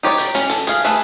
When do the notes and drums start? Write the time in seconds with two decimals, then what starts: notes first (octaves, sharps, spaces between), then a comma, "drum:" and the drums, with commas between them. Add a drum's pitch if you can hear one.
0.03 D#4 G4 C#5 D5
0.18 drum: hi-hat
0.35 C#4, drum: hi-hat
0.49 A4, drum: hi-hat
0.67 G#4 F5, drum: hi-hat
0.84 A3 G#4 A4 B4 E5, drum: hi-hat